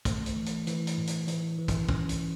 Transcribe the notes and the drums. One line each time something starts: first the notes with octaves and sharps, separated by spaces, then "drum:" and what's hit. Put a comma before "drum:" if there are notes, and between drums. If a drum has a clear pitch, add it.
A3, drum: kick, hi-hat
drum: hi-hat
E3
drum: hi-hat
E3, drum: hi-hat
drum: hi-hat
A2
drum: hi-hat
E3, drum: hi-hat
E3
drum: kick, hi-hat
C#4, drum: kick
drum: hi-hat